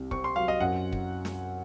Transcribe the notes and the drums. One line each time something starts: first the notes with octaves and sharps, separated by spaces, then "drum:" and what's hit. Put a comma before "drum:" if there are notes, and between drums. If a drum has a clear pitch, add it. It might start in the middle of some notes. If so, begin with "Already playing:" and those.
Already playing: C2 C3
C4 C#6, drum: kick
C6
F#3 F5
D#5
F#2 F#5
drum: kick
drum: snare